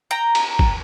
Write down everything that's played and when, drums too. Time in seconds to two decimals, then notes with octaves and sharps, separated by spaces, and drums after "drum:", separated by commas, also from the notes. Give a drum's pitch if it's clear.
0.11 G5 A#5
0.35 drum: cymbal
0.59 drum: kick